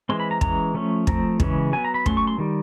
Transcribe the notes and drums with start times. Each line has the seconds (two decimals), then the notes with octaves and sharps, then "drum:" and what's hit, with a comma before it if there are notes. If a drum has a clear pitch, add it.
0.09 E3 G#3 C4 C6
0.20 B5
0.31 A#5
0.41 E3 G#3 C#4 A#5, drum: kick
0.74 F3 A3 C#4
1.07 F3 A3 C4 A#5, drum: kick
1.40 C#3 E3 G#3 C#4, drum: kick
1.73 F#3 B3 G#5
1.84 A#5
1.94 B5
2.06 F#3 A3 C#4 C6, drum: kick
2.17 C#6
2.27 C6
2.38 D#3 G3